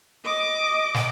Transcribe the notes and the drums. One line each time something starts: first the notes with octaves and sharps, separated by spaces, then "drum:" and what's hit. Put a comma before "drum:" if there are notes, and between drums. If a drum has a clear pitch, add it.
D#5 D6
drum: snare